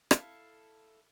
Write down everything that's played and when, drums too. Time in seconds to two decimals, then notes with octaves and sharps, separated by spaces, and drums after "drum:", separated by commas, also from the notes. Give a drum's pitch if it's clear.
0.11 E4 A4 F5, drum: rim click